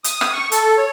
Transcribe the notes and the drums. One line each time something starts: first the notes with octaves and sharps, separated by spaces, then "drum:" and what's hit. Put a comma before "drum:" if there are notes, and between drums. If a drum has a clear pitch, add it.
D#6, drum: hi-hat
drum: rim click
C#6
A4, drum: hi-hat
C#5